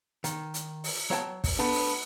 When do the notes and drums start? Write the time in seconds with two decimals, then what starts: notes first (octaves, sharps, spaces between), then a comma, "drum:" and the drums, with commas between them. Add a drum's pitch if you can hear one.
0.24 D#3, drum: hi-hat
0.54 drum: hi-hat
0.84 drum: open hi-hat
1.10 F#3 C#5 G5 A5
1.44 drum: kick, open hi-hat
1.59 A3 B3 D4
1.74 drum: open hi-hat